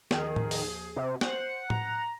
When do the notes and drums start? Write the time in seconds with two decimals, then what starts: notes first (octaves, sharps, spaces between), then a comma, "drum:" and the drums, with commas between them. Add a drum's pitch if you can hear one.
0.11 D#2 D#3 F3 G#4, drum: snare
0.36 drum: tom A2
0.51 drum: open hi-hat
0.96 C3
1.21 C5 F#5, drum: snare
1.70 A#5, drum: tom A2